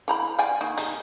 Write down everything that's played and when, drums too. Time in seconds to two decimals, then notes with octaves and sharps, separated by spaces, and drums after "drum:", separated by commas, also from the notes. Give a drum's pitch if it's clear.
0.08 E3 A#5 B5
0.39 D5 G5 G#5
0.61 D#3 A#3
0.78 D#4, drum: hi-hat